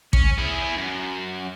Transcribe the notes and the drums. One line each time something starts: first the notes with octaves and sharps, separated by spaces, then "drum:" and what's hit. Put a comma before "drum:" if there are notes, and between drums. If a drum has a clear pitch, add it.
C#4, drum: kick A1
E4 G#4
F#2